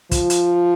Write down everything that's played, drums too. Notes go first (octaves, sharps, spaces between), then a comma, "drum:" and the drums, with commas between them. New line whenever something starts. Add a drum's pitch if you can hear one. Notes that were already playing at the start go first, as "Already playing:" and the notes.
F3, drum: kick, hi-hat
drum: hi-hat